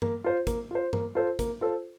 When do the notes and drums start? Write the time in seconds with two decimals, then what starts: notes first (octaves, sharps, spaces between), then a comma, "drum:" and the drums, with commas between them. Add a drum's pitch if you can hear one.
0.02 A#3, drum: tom G2
0.24 F4 C5
0.47 A#3, drum: kick, hi-hat
0.71 F4 C5
0.93 A#3, drum: tom G2
1.15 F4 A4 C5
1.39 A#3, drum: kick, hi-hat
1.61 F4 A4 C5